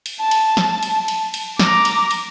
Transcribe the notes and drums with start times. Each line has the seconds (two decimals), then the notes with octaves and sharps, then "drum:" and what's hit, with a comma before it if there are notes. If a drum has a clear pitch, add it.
0.06 drum: cymbal
0.20 A5
0.31 drum: cymbal
0.57 drum: snare
0.83 drum: cymbal
1.08 drum: cymbal
1.34 drum: cymbal
1.59 A#5 D6, drum: snare
1.85 drum: cymbal
2.11 drum: cymbal